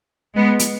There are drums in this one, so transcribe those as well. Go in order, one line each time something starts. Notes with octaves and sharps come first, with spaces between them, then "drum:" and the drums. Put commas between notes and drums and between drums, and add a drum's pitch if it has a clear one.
G#3 B3
drum: hi-hat